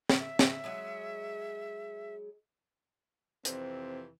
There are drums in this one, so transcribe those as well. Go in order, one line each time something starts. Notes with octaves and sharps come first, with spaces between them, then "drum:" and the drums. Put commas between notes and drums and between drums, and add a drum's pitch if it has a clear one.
drum: snare
E5
drum: snare
F#3 G#3 G#4
F2 C3 E3 C4, drum: hi-hat